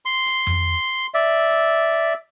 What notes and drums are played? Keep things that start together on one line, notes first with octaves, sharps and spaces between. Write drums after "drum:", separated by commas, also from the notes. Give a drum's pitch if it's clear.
C6
drum: hi-hat
drum: tom F2
D5 E5
drum: hi-hat
drum: hi-hat